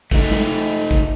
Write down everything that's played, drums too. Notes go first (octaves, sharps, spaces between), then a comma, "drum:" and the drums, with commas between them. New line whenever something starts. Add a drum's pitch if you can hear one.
A3 D#4, drum: kick, hi-hat
drum: snare
drum: hi-hat
drum: kick, hi-hat